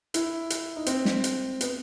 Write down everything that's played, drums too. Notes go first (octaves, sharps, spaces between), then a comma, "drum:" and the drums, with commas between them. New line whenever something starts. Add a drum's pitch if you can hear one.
E4, drum: hi-hat
drum: hi-hat
D#4
C4, drum: hi-hat
drum: snare
drum: hi-hat
B3, drum: hi-hat